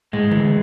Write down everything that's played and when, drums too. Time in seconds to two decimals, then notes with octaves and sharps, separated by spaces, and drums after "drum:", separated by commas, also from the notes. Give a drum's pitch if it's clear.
0.13 A2 G#3, drum: tom
0.32 E3, drum: tom C#3